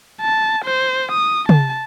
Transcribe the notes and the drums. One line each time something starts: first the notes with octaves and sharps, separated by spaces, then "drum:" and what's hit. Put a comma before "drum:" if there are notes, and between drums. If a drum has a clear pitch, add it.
A5
C5
D#6
A5, drum: tom